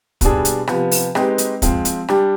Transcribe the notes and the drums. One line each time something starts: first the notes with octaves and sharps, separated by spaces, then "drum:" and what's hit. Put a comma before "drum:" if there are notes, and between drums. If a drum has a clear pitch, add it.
B2 G3 D4 G#4, drum: kick, hi-hat
drum: hi-hat
C3 F3 B3, drum: rim click
drum: open hi-hat
G#3 C4 D#4 G4 B4, drum: rim click
drum: hi-hat
F3 G#3 C4, drum: kick, hi-hat
drum: hi-hat
G3 D4 G4, drum: rim click